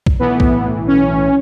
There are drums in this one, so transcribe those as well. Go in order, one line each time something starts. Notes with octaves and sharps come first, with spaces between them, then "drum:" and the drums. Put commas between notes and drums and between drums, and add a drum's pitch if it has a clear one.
drum: kick B1
B1 A2 E3 B3
drum: kick B1
C#4